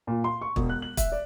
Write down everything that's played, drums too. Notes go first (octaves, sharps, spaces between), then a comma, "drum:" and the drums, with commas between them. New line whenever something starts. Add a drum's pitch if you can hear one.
A#2
C6
C#6
E1, drum: kick
F#6
F#7
E5, drum: kick, hi-hat
D5